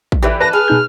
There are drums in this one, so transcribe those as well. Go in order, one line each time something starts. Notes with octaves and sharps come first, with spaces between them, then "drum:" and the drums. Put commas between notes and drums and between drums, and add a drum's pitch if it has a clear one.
drum: kick
D3 E3 G4 B4 E5
B4 A5 A#6
G#4 F6
B2 D#4 G6